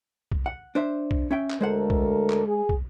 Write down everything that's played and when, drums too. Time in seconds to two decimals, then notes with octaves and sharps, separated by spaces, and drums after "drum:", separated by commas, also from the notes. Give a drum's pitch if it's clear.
0.32 drum: kick
0.46 F#5
0.75 D4 C5 E5
1.11 drum: kick
1.31 C#4 E5 G5
1.50 drum: clap
1.61 D2 G#3 A4 A#4 C5 F#5
1.90 drum: kick
2.30 drum: clap
2.46 G#4
2.69 drum: kick